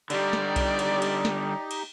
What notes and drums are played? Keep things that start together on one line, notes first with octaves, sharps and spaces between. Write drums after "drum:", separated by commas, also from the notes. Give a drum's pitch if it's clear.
D3 G3 D#4 G4 D5 D#5, drum: cymbal
drum: snare
drum: kick B1, cymbal
drum: cymbal
drum: cymbal
drum: snare
drum: cymbal